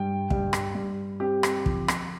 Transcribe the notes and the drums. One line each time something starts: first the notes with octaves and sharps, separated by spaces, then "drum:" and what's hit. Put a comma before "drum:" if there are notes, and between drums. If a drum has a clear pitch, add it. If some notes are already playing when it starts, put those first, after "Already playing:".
Already playing: G2 G5
G2, drum: kick
drum: rim click
G2
C4 G4
drum: rim click
F3, drum: kick
drum: rim click